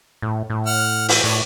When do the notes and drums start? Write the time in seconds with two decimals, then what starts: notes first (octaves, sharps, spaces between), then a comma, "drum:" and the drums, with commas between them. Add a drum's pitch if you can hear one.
0.22 A2
0.50 A2
0.66 F#5 F6
1.09 E3 C5, drum: open hi-hat
1.24 A2 C#5 D5